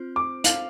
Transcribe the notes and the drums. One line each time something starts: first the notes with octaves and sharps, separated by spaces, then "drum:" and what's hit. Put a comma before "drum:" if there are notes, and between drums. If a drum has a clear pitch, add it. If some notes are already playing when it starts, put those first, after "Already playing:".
Already playing: C4 F4 C5
D6
F5, drum: hi-hat